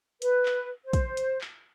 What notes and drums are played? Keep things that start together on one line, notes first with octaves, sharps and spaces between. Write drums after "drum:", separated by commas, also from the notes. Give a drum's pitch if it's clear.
B4, drum: hi-hat
drum: clap
C5
drum: kick, hi-hat
drum: hi-hat
drum: clap